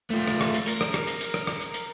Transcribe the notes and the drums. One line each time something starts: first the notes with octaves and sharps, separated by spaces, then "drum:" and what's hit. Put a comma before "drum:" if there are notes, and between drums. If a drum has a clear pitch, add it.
A3 F4
drum: rim click
drum: rim click
drum: hi-hat
A#4, drum: hi-hat
drum: rim click
drum: rim click
drum: hi-hat
drum: hi-hat
drum: rim click
drum: rim click
drum: hi-hat
drum: hi-hat